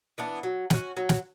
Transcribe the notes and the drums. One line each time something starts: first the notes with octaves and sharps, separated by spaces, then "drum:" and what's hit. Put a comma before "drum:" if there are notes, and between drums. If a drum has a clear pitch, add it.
E3 B3 D4
F#3
C#4 F#4, drum: snare
F#3
drum: snare